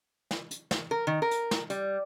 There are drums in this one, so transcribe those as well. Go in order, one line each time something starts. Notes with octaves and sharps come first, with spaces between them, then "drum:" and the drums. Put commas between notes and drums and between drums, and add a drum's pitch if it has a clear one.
drum: snare
drum: hi-hat
drum: snare
A#4
D#3
A#4
drum: hi-hat
drum: snare
G3, drum: hi-hat